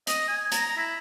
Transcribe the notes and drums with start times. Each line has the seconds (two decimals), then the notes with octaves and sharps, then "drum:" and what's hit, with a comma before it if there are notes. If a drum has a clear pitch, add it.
0.07 D#5, drum: hi-hat
0.28 G#5
0.52 A#5, drum: hi-hat
0.77 E4